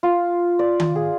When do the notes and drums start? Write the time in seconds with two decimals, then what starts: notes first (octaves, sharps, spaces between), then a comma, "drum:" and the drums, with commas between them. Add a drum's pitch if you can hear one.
0.03 F4
0.59 D5
0.80 drum: tom D#3
0.95 G#4